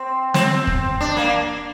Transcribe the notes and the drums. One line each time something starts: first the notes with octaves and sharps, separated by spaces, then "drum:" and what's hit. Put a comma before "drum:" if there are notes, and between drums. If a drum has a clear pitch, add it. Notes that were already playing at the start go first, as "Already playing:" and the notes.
Already playing: C4
C4, drum: snare
drum: kick
D4
A#3